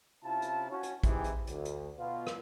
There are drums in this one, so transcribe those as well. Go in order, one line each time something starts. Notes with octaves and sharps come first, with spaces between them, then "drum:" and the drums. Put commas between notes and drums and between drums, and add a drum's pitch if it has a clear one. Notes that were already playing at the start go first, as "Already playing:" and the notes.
C3 C#4 E4 F4 F5 A5
drum: hi-hat
C#4 F#4 C#5
drum: hi-hat
E3 C4 D#4 E4 G4 G#4, drum: kick, hi-hat
drum: hi-hat
D2, drum: hi-hat
drum: hi-hat
B2 B3 F4
drum: rim click